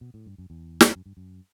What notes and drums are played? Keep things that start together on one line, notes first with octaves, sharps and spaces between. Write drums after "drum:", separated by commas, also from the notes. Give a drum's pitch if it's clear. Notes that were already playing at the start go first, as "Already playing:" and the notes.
B2
A2
G2
F#2
E2
drum: snare
F#2
G2
F#2